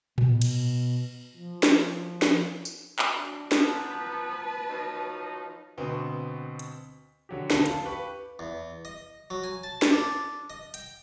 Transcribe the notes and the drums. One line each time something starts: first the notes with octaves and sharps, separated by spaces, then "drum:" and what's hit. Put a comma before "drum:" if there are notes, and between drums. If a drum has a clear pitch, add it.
B2, drum: tom A2
drum: cymbal
F3
drum: snare
drum: snare
drum: tambourine
drum: clap
D4 F#4
A#2 B3 C4 B4 A5, drum: snare
F3 F#3 D#4
D2 B2 B3 C4
drum: hi-hat
D3 F#3 G4
D2 G#2 F3 A5, drum: snare
A4 F5 A5, drum: hi-hat
G4 B4 C#6
E2
D#5
F#3
G#5
A5
drum: snare
D4
D#5
G5, drum: hi-hat